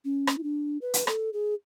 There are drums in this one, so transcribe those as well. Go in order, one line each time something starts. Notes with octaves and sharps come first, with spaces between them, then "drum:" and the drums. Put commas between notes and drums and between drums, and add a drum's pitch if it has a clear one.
C#4
drum: rim click
E4
D4
B4
drum: hi-hat
A4, drum: rim click
G#4